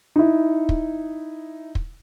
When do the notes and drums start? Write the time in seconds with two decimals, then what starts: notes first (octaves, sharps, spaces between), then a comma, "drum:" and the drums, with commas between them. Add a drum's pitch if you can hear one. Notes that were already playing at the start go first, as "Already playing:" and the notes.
0.16 D#4 E4
0.69 drum: kick
1.75 drum: kick